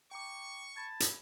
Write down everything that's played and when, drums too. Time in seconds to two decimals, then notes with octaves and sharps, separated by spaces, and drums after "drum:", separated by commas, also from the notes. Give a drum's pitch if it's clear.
0.11 G5 A#5 C#6 D6
0.76 A5 B5 G#6
1.00 drum: hi-hat